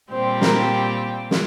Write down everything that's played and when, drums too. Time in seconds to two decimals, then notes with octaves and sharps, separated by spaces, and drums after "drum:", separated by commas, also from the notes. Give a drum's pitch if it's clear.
0.11 A#2 G3 C4 G4 C5
0.41 A#4, drum: snare
1.31 drum: snare